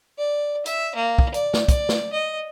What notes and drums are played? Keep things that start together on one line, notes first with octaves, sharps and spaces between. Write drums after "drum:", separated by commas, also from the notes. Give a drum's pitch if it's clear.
D5
E5, drum: hi-hat
A#3
drum: kick
D5, drum: hi-hat
drum: snare
D5, drum: kick, hi-hat
drum: snare
D#5